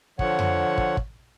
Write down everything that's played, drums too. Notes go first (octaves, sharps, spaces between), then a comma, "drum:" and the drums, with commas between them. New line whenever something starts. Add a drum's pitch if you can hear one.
D3 F3 C#5 F#5, drum: kick
drum: tom F2
drum: kick
drum: kick